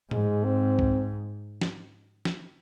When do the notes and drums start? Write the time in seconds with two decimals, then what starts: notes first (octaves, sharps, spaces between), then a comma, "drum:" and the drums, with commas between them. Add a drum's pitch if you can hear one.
0.11 G#2 G#3, drum: tom A2
0.44 C4
0.79 drum: kick
1.61 drum: snare
2.25 drum: snare